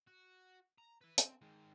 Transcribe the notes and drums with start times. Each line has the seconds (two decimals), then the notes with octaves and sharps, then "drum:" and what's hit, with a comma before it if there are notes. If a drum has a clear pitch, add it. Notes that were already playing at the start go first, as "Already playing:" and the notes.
0.07 F#4
0.78 A#5
1.01 E4 B4
1.18 C4, drum: hi-hat
1.42 D#3 G#3